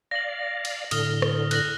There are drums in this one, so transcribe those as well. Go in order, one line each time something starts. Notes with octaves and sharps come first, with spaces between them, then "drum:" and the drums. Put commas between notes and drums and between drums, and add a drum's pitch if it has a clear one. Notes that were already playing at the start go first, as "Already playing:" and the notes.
D5 F5 A#6 F#7
drum: cymbal
A2 D3 D#6 F6 G7, drum: cymbal
drum: rim click
F#6 A#6 F#7, drum: cymbal